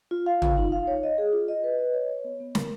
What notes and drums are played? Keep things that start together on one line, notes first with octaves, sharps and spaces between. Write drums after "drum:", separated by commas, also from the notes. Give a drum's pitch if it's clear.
F4
F5
F4, drum: tom
D#4
F5
C#5
D#5
G#4
F4
D#5
B4
D#5
C#5
C#5
B3
B3
A#4, drum: snare